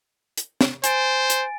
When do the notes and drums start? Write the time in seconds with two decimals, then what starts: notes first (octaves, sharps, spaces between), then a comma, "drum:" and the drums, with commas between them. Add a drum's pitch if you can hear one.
0.38 drum: hi-hat
0.61 drum: snare
0.84 C5 G#5 A6 D7, drum: hi-hat
1.30 drum: hi-hat